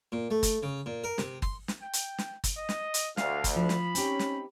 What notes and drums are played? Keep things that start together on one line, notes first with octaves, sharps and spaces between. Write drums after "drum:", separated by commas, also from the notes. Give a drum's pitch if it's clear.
A#2
A3
drum: kick G1, hi-hat
C#3
A#2
A#4
C3, drum: snare
C6, drum: kick G1
drum: snare
G5
drum: hi-hat
drum: snare
drum: kick G1, hi-hat
D#5
drum: snare
drum: hi-hat
D2 F5, drum: snare
drum: kick G1, hi-hat
F3 B5
drum: snare
C4 C#4 D#4 G4, drum: hi-hat
drum: snare